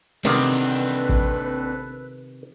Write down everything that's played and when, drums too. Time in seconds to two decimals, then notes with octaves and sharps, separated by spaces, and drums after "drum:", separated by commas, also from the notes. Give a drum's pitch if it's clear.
0.25 C3 D#3 B3 C4 D4 A4 B4, drum: snare
1.09 drum: kick A1